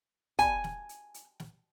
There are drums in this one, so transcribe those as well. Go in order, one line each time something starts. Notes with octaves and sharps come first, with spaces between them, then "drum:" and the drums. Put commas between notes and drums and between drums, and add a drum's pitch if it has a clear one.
G#5, drum: kick, hi-hat
drum: snare
drum: hi-hat
drum: hi-hat
drum: snare